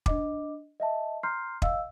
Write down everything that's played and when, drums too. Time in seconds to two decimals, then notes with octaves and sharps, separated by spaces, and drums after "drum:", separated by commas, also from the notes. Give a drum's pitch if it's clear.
0.06 D4 D#5 D6, drum: kick
0.80 D#5 E5 A5
1.23 A#5 C6 F6 G6 C7
1.62 D#5 F5 E6, drum: kick